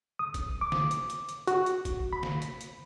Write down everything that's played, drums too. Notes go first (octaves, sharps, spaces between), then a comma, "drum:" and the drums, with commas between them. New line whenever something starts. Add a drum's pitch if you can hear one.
D#6
drum: kick, hi-hat
D6
drum: snare
drum: hi-hat
drum: hi-hat
drum: hi-hat
F#4, drum: hi-hat
drum: hi-hat
drum: kick, hi-hat
B5
drum: snare
drum: hi-hat
drum: hi-hat